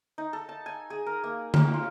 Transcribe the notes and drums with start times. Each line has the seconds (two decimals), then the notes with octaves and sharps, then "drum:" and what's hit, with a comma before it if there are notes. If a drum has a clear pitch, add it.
0.18 D#4
0.33 A4
0.49 A5
0.66 G#5
0.90 G#4
1.06 A#4
1.24 A#3
1.54 A#4, drum: tom D3
1.74 F4